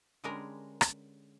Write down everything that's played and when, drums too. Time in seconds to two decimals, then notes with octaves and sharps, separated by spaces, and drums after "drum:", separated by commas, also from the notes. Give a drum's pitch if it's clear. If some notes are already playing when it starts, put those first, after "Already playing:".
0.24 D3 G3 G#3 C#4 G#4 A#4
0.81 drum: rim click